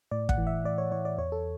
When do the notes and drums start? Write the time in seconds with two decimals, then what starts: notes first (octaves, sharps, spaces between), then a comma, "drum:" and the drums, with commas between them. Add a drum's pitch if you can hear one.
0.11 A2 D5
0.29 F#5, drum: kick
0.38 E3
0.47 E5
0.65 A2 D5
0.78 C#5
0.92 E3 C#5
1.05 D5
1.18 E2 C#5
1.32 A4